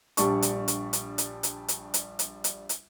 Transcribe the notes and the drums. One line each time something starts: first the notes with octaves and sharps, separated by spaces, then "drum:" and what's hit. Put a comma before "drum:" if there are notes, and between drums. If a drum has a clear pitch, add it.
A#1 G3 D4 C#6, drum: hi-hat
drum: hi-hat
drum: hi-hat
drum: hi-hat
drum: hi-hat
drum: hi-hat
drum: hi-hat
drum: hi-hat
drum: hi-hat
drum: hi-hat
drum: hi-hat